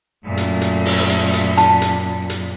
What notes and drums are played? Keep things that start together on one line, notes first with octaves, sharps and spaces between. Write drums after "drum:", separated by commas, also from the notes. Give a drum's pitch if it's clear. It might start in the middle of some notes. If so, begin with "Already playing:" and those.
F#2 A#2 A3
drum: hi-hat
drum: hi-hat
drum: open hi-hat
drum: hi-hat
drum: hi-hat
A5, drum: hi-hat
drum: hi-hat
drum: hi-hat